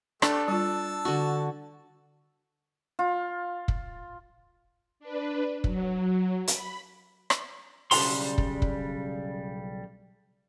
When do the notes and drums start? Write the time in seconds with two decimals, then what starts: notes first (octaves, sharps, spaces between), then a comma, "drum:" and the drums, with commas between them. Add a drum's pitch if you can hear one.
0.22 A3 D4 G4 A4, drum: rim click
0.48 G3 F4 A5 E6
1.05 D3 F#4 C#6
2.99 F4
3.68 drum: kick
5.00 D4 B4
5.64 F#3, drum: kick
6.47 B5, drum: hi-hat
7.30 drum: rim click
7.91 B1 C#3 G3 D4 A#5 C6, drum: open hi-hat
8.38 drum: kick
8.62 drum: kick